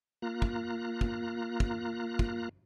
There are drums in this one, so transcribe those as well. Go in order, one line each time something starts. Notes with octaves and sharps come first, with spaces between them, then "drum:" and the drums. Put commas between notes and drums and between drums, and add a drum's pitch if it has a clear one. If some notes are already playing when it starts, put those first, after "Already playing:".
A#3 F4 A#5 F#6
drum: kick
drum: kick
drum: kick
drum: kick